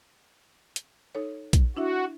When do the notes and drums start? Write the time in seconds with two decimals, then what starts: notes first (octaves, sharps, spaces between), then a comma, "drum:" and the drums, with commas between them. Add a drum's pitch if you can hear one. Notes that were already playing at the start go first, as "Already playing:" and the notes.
0.76 drum: hi-hat
1.15 D#4 A4 C#5
1.53 drum: kick A#1, hi-hat
1.77 D4 E4 F#4 E5